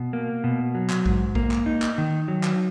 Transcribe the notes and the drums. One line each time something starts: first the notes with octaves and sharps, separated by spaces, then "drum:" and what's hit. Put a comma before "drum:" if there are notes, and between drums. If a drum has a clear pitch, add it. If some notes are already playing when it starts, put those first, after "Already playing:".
Already playing: B2
A#3
B2
F#3
drum: clap
G#2, drum: kick A#1
A#3, drum: kick A#1
drum: clap
D#4
drum: clap
D#3
F#3
drum: clap